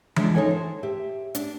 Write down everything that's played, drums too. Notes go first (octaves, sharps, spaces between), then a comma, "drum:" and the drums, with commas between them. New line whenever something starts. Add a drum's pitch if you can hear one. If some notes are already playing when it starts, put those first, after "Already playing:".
F2 G#3 D4 E4 D#5 E5, drum: tom E3
D#4 A4 C#5 G#5
C5
G4 E5
D4, drum: hi-hat